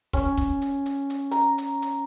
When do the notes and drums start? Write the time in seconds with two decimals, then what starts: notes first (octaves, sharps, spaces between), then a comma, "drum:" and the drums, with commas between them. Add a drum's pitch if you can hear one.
0.13 C#4, drum: kick, hi-hat
0.37 drum: kick, hi-hat
0.62 drum: hi-hat
0.86 drum: hi-hat
1.10 drum: hi-hat
1.31 A#5, drum: hi-hat
1.58 drum: hi-hat
1.82 drum: hi-hat